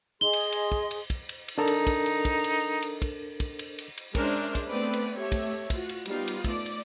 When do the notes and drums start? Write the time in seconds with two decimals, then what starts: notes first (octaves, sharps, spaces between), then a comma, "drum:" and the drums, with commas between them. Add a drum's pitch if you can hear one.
0.21 G#4 D#5 C6 G7
0.33 drum: cymbal
0.52 drum: cymbal
0.72 drum: kick
0.91 drum: cymbal
1.10 drum: kick, cymbal
1.29 drum: cymbal
1.48 drum: cymbal
1.58 D4 D#4 A4 A#4
1.67 drum: cymbal
1.87 drum: kick, cymbal
2.06 drum: cymbal
2.25 drum: kick, cymbal
2.44 drum: cymbal
2.83 drum: cymbal
3.02 drum: kick, cymbal
3.40 drum: kick, cymbal
3.59 drum: cymbal
3.78 drum: cymbal
3.98 drum: cymbal
4.15 G#3 C#4 D4 A#4 C5 E5, drum: kick, cymbal
4.55 drum: kick, cymbal
4.68 A3 B3 C4 B4 D5
4.93 drum: cymbal
5.17 A3 G4 C#5 E5
5.32 drum: kick, cymbal
5.70 F4 F#4, drum: kick, cymbal
5.89 drum: cymbal
6.06 G3 B3 D#4 F4, drum: cymbal
6.28 drum: cymbal
6.44 A3 D5, drum: kick, cymbal
6.66 drum: cymbal